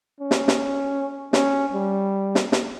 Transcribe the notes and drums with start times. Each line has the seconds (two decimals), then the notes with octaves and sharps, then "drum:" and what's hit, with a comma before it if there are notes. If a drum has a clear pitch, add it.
0.20 C#4
0.31 drum: snare
0.48 drum: snare
1.33 C#4, drum: snare
1.73 G3
2.35 drum: snare
2.52 drum: snare